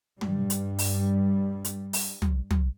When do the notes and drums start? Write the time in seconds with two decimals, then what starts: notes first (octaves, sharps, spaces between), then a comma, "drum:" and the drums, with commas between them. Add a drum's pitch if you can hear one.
0.21 G2 G3, drum: tom
0.50 drum: hi-hat
0.78 drum: open hi-hat
1.65 drum: hi-hat
1.93 drum: open hi-hat
2.22 drum: tom
2.51 drum: tom